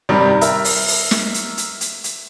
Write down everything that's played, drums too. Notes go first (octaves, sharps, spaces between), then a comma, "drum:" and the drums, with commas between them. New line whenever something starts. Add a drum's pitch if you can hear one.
G2 C3 D#3 G3
A#4 E5, drum: hi-hat
drum: open hi-hat
drum: open hi-hat
drum: snare
drum: hi-hat
drum: hi-hat
drum: hi-hat
drum: hi-hat